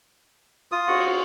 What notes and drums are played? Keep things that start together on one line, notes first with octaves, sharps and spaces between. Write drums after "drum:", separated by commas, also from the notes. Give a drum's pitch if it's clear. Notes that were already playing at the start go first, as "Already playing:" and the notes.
F4 D#6
F#4, drum: cymbal